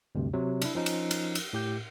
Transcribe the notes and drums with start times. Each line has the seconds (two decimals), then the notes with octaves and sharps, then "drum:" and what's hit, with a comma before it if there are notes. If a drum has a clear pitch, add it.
0.15 D2 G2 C3
0.33 C3 F#3
0.62 D4 E4, drum: cymbal
0.75 F3 C#4 D#4
0.86 drum: cymbal
1.11 drum: cymbal
1.35 drum: cymbal
1.53 A2 G4 G6